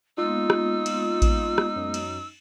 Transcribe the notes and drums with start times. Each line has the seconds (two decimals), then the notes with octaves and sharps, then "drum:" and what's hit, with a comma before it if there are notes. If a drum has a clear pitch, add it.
0.18 G#3 A#3 B3 D#4 F4 E6
0.50 drum: rim click
0.86 drum: cymbal
1.22 drum: kick A1, cymbal
1.58 drum: rim click
1.76 F#2
1.94 drum: cymbal